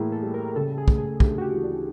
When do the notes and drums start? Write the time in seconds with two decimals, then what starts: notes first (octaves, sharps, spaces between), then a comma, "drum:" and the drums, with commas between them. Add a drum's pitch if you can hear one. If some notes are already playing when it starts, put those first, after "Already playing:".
Already playing: A2 E3 A#3 G#4 A4
0.12 A4
0.22 G3
0.34 A#4
0.56 C#3 A4
0.78 G#4
0.88 A3, drum: kick
0.98 G#4
1.20 D2 G4, drum: kick
1.38 F#4
1.41 G4
1.53 E3
1.64 D4